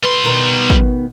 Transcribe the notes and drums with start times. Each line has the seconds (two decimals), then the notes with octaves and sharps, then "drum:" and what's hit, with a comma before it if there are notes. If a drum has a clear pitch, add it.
0.03 G3 B4 C6
0.24 B2 D#3 B3
0.70 drum: kick